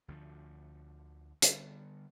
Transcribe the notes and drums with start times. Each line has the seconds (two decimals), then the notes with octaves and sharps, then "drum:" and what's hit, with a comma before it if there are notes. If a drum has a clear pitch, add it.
0.08 D2 D3 F3
1.42 D3 G3 B3, drum: hi-hat